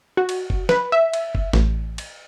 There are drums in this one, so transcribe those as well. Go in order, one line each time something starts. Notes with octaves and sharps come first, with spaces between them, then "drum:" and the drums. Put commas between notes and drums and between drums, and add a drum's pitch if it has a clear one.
F#4
drum: cymbal
drum: kick F#1
B4, drum: snare
E5
drum: cymbal
drum: kick F#1
A1, drum: snare
drum: cymbal